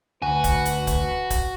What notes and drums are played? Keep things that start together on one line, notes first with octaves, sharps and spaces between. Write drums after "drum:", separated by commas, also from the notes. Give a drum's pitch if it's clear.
D2 F#4 B4 G#5
drum: kick C#1, hi-hat
drum: hi-hat
drum: kick C#1, hi-hat
drum: kick C#1, hi-hat